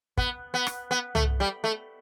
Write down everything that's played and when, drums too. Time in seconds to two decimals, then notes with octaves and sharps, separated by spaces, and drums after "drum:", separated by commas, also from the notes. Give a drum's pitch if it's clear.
0.18 B3, drum: kick
0.54 B3
0.67 drum: rim click
0.91 B3
1.15 A3, drum: tom
1.40 G3
1.64 A3